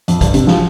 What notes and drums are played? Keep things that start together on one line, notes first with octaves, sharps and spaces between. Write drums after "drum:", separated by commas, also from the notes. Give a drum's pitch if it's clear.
F2, drum: hi-hat
G2, drum: kick, hi-hat
C3, drum: hi-hat
F3, drum: snare